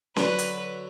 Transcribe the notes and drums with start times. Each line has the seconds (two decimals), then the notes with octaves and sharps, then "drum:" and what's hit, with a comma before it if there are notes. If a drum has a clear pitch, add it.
0.16 D3 F#3 B4 C#6, drum: snare C#4
0.38 drum: hi-hat